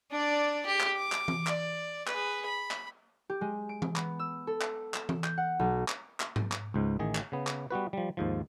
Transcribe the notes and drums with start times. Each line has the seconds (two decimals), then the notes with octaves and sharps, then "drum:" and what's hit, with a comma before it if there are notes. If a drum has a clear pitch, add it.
0.12 D4 D5
0.66 G4
0.80 drum: clap
0.96 D6
1.12 drum: clap
1.28 drum: tom E3
1.47 D5, drum: clap
2.07 G#4 B4, drum: clap
2.46 B5
2.71 drum: clap
3.30 G4
3.41 G#3
3.69 D7
3.82 drum: tom E3
3.96 B3, drum: clap
4.19 E6
4.47 A4
4.61 drum: clap
4.94 E7, drum: clap
5.09 drum: tom E3
5.24 G6, drum: clap
5.38 F#5
5.59 B1
5.88 drum: clap
6.20 drum: clap
6.36 drum: tom G#2
6.52 drum: clap
6.74 C#2 G#2
6.99 A1 D#3 G#4
7.15 drum: clap
7.32 C#3 B3
7.47 drum: clap
7.71 G3 B3 F#4 B4
7.93 F3 G3
8.17 D#2 G#2 F3